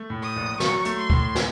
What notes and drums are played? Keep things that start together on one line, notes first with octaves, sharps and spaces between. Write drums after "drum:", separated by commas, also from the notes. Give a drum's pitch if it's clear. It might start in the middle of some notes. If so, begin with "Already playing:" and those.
Already playing: A3
A2
D#6
A#1
F#3 C#6, drum: snare
A3, drum: hi-hat
C6
A2, drum: kick D2
drum: snare